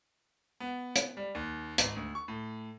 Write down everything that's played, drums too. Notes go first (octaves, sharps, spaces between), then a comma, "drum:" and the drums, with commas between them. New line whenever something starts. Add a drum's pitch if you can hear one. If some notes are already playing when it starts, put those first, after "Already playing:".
B3
drum: hi-hat
G3
D#2
G#1, drum: hi-hat
D2
C#6
A2